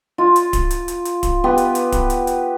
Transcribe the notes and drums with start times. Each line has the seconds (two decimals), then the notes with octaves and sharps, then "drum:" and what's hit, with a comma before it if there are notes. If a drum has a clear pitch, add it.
0.18 F4
0.36 drum: hi-hat
0.53 drum: kick D1, hi-hat
0.71 drum: hi-hat
0.88 drum: hi-hat
1.05 drum: hi-hat
1.23 drum: kick D1, hi-hat
1.44 B3 G4 B4 B5
1.58 drum: hi-hat
1.75 drum: hi-hat
1.92 drum: kick D1, hi-hat
2.10 drum: hi-hat
2.27 drum: hi-hat